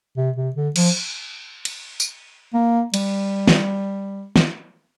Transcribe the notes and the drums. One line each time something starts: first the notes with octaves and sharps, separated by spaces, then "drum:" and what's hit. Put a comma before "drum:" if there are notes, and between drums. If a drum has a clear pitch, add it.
C3
C3
D3
F3, drum: cymbal
drum: cymbal
drum: tambourine
A#3
G3, drum: cymbal
drum: snare
drum: snare